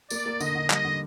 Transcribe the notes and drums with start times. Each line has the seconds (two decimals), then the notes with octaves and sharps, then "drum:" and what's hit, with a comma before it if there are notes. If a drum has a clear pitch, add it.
0.10 A#3 D5, drum: tambourine
0.26 A#3
0.40 D3 D#5, drum: tambourine
0.55 D3
0.70 G3 D#5, drum: clap
0.85 D3